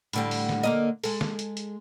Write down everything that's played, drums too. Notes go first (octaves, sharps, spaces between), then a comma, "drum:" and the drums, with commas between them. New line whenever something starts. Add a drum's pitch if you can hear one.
A2 D3 G3, drum: hi-hat
drum: open hi-hat
drum: snare
D3 A#3 D#5
G#3 A4, drum: open hi-hat
drum: snare
drum: hi-hat
drum: hi-hat